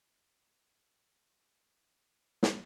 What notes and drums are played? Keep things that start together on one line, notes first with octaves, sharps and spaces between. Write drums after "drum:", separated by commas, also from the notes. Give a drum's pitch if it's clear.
F#3 G#3 C5 D#5
drum: snare